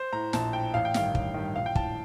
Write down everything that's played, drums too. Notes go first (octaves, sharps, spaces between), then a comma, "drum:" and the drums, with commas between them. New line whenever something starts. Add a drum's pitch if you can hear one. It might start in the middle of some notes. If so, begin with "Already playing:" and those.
Already playing: C5
A2 A#5
A#1 A5, drum: snare
A2 G5
A1 F5
G5
G2 D#3 F5, drum: snare
A1, drum: kick
G2 D#3
A#1 F5
G5
A2 A5, drum: kick